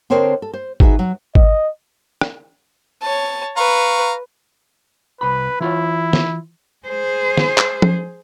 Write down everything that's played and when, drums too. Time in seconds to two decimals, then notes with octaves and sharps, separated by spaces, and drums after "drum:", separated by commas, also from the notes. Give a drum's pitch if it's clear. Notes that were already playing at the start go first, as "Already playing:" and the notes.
0.10 D3 C4 A#4 C5 C#5 D#5
0.42 A4
0.53 C5
0.80 D#4 F#4 G#4 B4 D#5 E5, drum: kick G#1
0.99 F#3
1.35 D#5, drum: kick G#1
2.21 drum: rim click
3.02 C#5 A5
3.57 B4 F5 A#5 C#6
5.21 C2 B4 B5
5.60 E3 E4 F4 C#5
6.13 drum: snare
6.87 G#4 C5
7.37 drum: snare
7.58 drum: clap
7.82 drum: tom F3